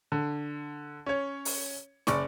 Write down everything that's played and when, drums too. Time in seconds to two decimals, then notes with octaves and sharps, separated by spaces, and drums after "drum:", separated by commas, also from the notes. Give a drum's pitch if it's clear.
0.12 D3
1.06 C#4 C#5
1.45 drum: open hi-hat
2.07 F#1 D5 C#6, drum: snare